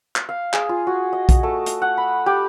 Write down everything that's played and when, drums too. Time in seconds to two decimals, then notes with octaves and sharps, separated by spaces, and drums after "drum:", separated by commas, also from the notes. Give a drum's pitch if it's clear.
0.16 drum: clap
0.29 F5
0.53 G#4, drum: clap
0.69 F4
0.87 F#4
1.13 D#5
1.29 drum: kick B1, hi-hat
1.43 A3
1.66 drum: hi-hat
1.82 F#5
1.97 B5
2.26 G4